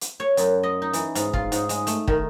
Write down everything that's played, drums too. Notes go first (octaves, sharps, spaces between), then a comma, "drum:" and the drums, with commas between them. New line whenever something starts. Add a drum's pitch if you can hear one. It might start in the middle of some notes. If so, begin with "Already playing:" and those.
drum: hi-hat
C#5
F#2, drum: hi-hat
D#5
D#4
E3, drum: hi-hat
G#2, drum: hi-hat
F4, drum: kick
G#2, drum: hi-hat
G#3, drum: hi-hat
A3, drum: hi-hat
D#3, drum: kick